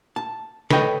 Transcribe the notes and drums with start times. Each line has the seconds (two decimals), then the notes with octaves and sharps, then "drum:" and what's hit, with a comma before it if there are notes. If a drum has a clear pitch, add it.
0.16 A5
0.70 A4 B4 C#5 D#5 G5, drum: snare